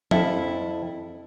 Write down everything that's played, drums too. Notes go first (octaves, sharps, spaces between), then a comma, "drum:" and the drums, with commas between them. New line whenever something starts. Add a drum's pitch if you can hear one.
F2 E4 A4, drum: tom F3